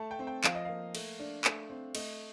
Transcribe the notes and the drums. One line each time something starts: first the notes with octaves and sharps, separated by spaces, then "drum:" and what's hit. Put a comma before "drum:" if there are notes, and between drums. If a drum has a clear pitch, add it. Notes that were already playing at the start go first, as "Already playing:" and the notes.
Already playing: A3 A5
G5
C4
G5
F3 F5, drum: clap
D#5
A#3 F5
A3, drum: cymbal
D4
A3, drum: clap
C4
A3 D#5, drum: cymbal